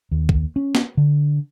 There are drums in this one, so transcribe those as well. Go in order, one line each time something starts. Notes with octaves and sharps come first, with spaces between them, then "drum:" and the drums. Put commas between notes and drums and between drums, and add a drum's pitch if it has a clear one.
D#2
drum: kick
C#4
drum: snare
D3